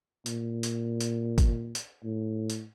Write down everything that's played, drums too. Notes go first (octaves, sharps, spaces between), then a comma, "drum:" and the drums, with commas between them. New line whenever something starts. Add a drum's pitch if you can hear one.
A#2, drum: hi-hat
drum: hi-hat
drum: hi-hat
drum: kick, hi-hat
drum: hi-hat
A2
drum: hi-hat